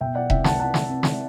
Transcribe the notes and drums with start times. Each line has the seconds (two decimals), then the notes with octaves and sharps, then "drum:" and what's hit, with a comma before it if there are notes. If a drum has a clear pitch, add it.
0.01 B2 E5 G5
0.15 D5 F#5
0.30 C2 E5 G5, drum: kick E1
0.44 F#5 A5, drum: snare
0.59 C3 F#5 A5
0.74 drum: snare
0.89 C4
1.03 drum: snare